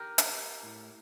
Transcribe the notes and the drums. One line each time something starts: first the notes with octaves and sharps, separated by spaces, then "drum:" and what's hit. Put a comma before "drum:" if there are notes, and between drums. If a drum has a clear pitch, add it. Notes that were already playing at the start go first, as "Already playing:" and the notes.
Already playing: G4 A#4
drum: hi-hat
A2